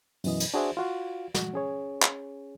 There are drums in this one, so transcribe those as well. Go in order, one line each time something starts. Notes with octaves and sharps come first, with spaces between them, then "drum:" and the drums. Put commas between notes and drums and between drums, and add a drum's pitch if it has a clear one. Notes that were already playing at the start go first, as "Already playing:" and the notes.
F#2 B2 E3 D#5, drum: open hi-hat
drum: cymbal
D4 F#4 G#4 C5 E5
F4 F#4 F5
F#4, drum: snare
C#4 G#4 C#5
drum: clap